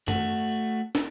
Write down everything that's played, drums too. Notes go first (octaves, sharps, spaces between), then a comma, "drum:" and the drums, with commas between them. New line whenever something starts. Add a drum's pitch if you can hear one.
A3 F#4, drum: tom F#2
drum: tambourine
drum: snare